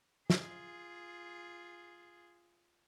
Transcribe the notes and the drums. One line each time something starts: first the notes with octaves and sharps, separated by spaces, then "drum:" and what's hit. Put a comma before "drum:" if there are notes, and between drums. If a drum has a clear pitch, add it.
F4 G#4, drum: snare